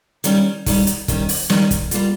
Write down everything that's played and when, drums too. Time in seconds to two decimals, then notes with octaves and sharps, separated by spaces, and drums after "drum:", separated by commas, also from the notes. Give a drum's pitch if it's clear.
0.24 D#3 G3 C#4, drum: hi-hat
0.66 D#3 G3 C#4, drum: kick, open hi-hat
0.87 drum: hi-hat
1.08 D#3 G3 C#4, drum: kick, hi-hat
1.29 drum: open hi-hat
1.50 D#3 G3 C#4, drum: snare
1.71 drum: kick, hi-hat
1.91 G3 A#3 F4, drum: hi-hat